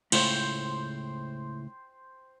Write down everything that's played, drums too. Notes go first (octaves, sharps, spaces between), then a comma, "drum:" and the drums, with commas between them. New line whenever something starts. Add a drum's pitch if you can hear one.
C#2 A2 C5 G5, drum: cymbal